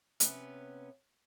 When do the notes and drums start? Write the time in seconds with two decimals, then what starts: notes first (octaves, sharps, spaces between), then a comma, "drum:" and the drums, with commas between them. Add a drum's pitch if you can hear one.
0.20 C3 B3 C#4, drum: hi-hat